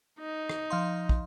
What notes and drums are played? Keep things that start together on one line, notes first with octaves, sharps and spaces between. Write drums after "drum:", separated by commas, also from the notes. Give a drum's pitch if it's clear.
D#4
drum: rim click
F3 F5 C6
drum: kick